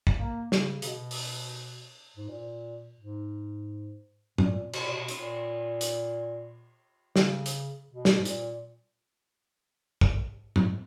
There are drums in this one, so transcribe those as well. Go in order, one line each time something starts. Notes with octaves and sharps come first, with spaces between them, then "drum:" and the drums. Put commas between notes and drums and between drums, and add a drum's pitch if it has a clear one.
drum: kick
A#3
C#3, drum: snare
C#3, drum: hi-hat
B2
drum: open hi-hat
G#2
A#2
G#2
A#2, drum: tom A2
B2, drum: cymbal
A#2
B2
A#2, drum: hi-hat
drum: hi-hat
D#3, drum: snare
C#3
drum: hi-hat
B2
drum: snare
G#2
A#2, drum: hi-hat
drum: kick
drum: tom A2